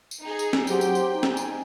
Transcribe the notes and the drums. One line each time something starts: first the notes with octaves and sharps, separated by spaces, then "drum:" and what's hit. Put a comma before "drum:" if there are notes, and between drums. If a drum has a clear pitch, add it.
drum: tambourine
D#4 G#4
drum: tambourine
drum: snare
F#3 G4 C5 G5, drum: tambourine
drum: tambourine
drum: tambourine
D#4 G#5
drum: snare
drum: tambourine